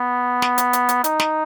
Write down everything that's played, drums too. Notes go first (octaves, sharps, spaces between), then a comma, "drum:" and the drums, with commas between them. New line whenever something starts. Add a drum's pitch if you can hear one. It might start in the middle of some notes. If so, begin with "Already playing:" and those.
Already playing: B3
drum: snare
drum: hi-hat
drum: hi-hat
drum: hi-hat
D#4, drum: hi-hat
drum: snare